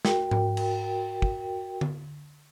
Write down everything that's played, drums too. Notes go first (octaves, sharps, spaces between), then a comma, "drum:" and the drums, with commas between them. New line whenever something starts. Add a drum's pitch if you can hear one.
F#4 A#4 G5, drum: snare
drum: tom G#2
drum: cymbal
drum: kick
drum: tom D3